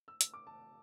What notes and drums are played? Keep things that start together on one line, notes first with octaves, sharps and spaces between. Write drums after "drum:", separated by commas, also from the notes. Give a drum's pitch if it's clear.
E6
E6, drum: hi-hat
D6
A5